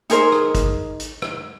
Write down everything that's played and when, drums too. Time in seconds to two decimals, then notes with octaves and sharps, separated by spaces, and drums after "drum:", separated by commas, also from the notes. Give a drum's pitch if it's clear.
0.10 D#4 G#4 A#4 C5, drum: hi-hat
0.32 drum: rim click
0.55 drum: kick, hi-hat
1.00 drum: hi-hat
1.22 drum: rim click